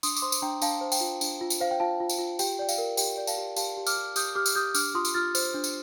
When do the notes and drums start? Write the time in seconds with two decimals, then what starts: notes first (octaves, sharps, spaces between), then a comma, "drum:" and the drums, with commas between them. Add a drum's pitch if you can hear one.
0.03 D4 C6 D#6, drum: tambourine
0.17 D6, drum: tambourine
0.22 C5 C6 D#6
0.32 drum: tambourine
0.42 D4 G5 A#5
0.62 D4 F5 A5, drum: tambourine
0.81 C5
0.92 G5, drum: tambourine
1.01 F4
1.21 D4, drum: tambourine
1.41 F4
1.50 drum: tambourine
1.61 C5 F5
1.71 G5
1.80 F4 F5 A5
2.00 F4
2.09 drum: tambourine
2.19 F4
2.39 G4 G5, drum: tambourine
2.59 D5 G5
2.69 F5, drum: tambourine
2.78 A#4
2.97 G4 G5, drum: tambourine
3.18 D5
3.27 F5 A5, drum: tambourine
3.37 G4
3.56 G4 F5 A5, drum: tambourine
3.77 G4
3.87 D6 F6, drum: tambourine
3.97 G4
4.16 G4 D#6 G6, drum: tambourine
4.35 G4 D6 F6
4.46 drum: tambourine
4.55 G4 D#6 G6
4.75 D4 D6 F6, drum: tambourine
4.94 F4 C6 D#6
5.05 drum: tambourine
5.14 F4 F6 A6
5.35 C5, drum: tambourine
5.54 D4
5.64 drum: tambourine